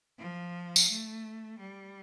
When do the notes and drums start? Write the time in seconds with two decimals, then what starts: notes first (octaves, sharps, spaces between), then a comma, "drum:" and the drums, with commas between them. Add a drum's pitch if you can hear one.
0.19 F3
0.76 drum: tambourine
0.88 A3
1.59 G3